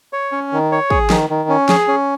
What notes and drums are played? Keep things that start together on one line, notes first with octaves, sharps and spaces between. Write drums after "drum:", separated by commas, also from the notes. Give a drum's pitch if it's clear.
C#5
C#4
D#3
C#5
G#4, drum: kick
D#3, drum: snare
D#3
C#4
G#4, drum: snare
C#4